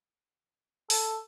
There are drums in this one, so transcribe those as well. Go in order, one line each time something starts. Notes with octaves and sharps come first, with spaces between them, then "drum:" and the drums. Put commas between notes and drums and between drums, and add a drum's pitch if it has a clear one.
A4, drum: open hi-hat